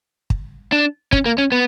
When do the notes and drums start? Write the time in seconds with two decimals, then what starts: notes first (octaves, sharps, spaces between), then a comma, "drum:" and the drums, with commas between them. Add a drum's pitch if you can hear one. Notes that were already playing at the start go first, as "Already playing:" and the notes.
0.30 drum: kick
0.72 D4
1.13 C#4, drum: kick
1.26 A#3
1.38 C#4
1.52 B3